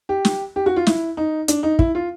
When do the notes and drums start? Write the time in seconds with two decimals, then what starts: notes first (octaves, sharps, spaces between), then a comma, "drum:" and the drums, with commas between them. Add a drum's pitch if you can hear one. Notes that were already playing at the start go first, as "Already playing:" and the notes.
0.09 G4
0.25 drum: snare
0.56 G4
0.66 F#4
0.76 F4
0.87 E4, drum: snare
1.17 D#4
1.48 D4, drum: hi-hat
1.63 D#4
1.79 E4, drum: kick
1.95 F4